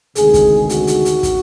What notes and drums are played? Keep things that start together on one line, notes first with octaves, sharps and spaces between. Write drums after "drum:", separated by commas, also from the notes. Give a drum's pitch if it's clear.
D2 C3 D#3 G#3 G#4, drum: hi-hat
drum: kick, hi-hat
F#4, drum: hi-hat
drum: hi-hat
drum: hi-hat
drum: kick, hi-hat